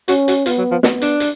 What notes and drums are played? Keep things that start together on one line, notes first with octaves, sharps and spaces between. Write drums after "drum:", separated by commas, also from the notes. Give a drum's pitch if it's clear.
C#4 F#4, drum: hi-hat
F#4, drum: hi-hat
B3 F4, drum: hi-hat
F#3
F3
B3, drum: snare
D4, drum: hi-hat
drum: hi-hat